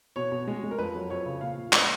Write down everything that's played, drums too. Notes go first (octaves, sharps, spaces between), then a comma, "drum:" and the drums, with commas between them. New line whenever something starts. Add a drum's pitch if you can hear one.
B2 C#5
B2
G#3
G#3
A#4
F2 B4
F#3
F2 C#5
C#3
A#2 F5
A#2
G#3 D#5, drum: clap